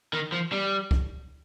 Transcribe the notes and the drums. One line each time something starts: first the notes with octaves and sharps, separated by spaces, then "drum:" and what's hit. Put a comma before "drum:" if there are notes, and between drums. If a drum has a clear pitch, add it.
D#3
F3
G3
drum: kick